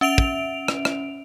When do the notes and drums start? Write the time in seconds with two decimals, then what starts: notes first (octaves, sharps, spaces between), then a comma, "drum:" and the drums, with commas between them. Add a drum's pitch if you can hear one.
0.01 C#4 E5 D7 F7
0.18 drum: kick
0.68 drum: rim click
0.85 drum: rim click